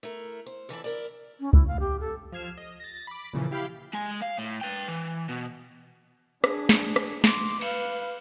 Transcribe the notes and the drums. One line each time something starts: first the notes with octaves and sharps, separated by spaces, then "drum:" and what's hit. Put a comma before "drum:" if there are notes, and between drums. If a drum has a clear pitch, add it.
A3 E4 A#4
C5
F2 E3 A4 D5
E4 A#4 D5
C#4
E4, drum: kick C#2
F5
G4
A4
F3 F6 G#6 C7 E7
D#5
A6 A#6
B5 D6
A#2 C#3 E3 F3
E4 G4 F5 G5 B5
G#3 G#5
F5
A2
B4 G5
E3
B2
D4 G#4, drum: rim click
drum: snare
drum: rim click
C6 D6, drum: snare
B4 F5, drum: cymbal